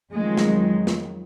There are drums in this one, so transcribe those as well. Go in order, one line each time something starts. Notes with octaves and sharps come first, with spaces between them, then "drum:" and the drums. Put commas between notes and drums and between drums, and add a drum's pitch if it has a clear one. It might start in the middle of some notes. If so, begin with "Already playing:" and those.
F2 D#3 F#3 G#3
drum: snare
drum: snare